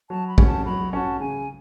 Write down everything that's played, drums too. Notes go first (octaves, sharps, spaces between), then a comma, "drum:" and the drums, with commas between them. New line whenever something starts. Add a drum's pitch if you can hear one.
F#3 A5
B5
C#4 F#4, drum: kick A#1
A5
F#3 B5
C#4 F#4 A5
C#3 G#5